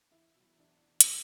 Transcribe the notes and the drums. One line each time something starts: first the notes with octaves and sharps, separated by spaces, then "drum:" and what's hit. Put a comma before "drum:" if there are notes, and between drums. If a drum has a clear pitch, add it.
E2 E4
B2 F#3
E2 D4
drum: hi-hat